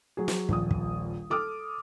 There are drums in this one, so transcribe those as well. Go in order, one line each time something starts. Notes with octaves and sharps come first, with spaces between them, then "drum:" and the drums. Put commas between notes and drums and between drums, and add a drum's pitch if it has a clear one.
F#3 G#4
drum: snare
D#1 A#1 D#6, drum: kick
drum: kick
A4 D6 D#6 F6